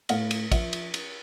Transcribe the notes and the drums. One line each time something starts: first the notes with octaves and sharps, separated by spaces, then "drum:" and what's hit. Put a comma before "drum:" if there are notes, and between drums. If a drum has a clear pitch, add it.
A2 F5, drum: cymbal
drum: cymbal
F3 E5, drum: kick, cymbal
drum: cymbal
drum: cymbal